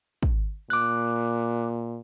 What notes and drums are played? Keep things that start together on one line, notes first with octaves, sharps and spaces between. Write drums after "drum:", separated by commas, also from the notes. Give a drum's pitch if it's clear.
drum: kick
A#2 D6 F#6, drum: tambourine